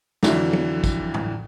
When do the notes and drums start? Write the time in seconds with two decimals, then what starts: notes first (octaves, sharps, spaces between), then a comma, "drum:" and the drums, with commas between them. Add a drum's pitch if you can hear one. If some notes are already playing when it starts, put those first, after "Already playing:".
0.23 F2 D3 E3 F#3, drum: snare
0.53 drum: tom
0.84 drum: kick, tambourine
1.14 drum: tom